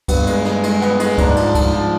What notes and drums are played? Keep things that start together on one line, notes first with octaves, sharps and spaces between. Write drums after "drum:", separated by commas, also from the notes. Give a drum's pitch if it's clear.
G2 B3, drum: kick, cymbal
G#3, drum: cymbal
G#3, drum: snare
G#3, drum: cymbal
B3, drum: snare
G#3, drum: cymbal
G#2 D4, drum: kick, cymbal
F3, drum: cymbal
F3, drum: kick, cymbal
F3